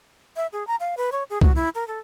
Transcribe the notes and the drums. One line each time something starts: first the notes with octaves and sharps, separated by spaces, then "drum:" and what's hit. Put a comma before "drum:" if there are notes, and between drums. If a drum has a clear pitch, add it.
E5
G#4
A#5
F5
B4
C#5
G#4
F#4, drum: kick C2
E4
A#4
A4